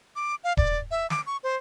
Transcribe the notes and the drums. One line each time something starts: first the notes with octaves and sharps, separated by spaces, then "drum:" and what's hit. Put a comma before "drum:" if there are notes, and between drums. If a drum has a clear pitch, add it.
D6
F5
D5, drum: kick D#1
E5
D6, drum: snare
C#6
C5